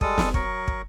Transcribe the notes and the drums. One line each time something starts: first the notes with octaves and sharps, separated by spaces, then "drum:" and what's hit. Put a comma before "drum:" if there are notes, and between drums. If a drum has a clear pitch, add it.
G3 G#3 A4 D#6, drum: kick
drum: snare
F#3 A#4 C#6, drum: kick
drum: kick